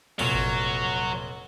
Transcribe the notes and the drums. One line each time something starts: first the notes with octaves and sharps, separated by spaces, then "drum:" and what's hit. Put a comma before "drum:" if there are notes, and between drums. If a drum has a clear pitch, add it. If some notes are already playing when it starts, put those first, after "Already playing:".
F1 A#2 F#3, drum: cymbal
drum: kick G#1